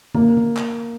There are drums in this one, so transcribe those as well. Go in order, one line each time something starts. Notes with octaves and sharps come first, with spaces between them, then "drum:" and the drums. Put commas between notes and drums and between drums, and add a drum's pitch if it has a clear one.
A#3, drum: tom
drum: tom
drum: clap